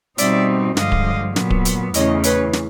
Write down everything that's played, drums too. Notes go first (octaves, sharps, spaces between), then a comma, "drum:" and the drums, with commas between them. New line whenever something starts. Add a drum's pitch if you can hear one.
B2 G3 C4 D#4 D5 E5, drum: hi-hat
G2 D3 F3 G#3 D#5 F5, drum: snare
drum: kick D1
A#2 F#3 B3, drum: snare
drum: kick D1
drum: hi-hat
E2 C#3 E3 A3 C#4 C#5 D#5, drum: hi-hat
B4 C#5, drum: hi-hat
drum: snare